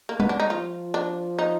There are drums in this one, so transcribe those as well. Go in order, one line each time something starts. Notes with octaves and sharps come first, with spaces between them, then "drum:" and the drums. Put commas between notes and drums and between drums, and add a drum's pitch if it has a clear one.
A#3
B3, drum: tom G3
D4
D#4
F3 F4
D4
D#4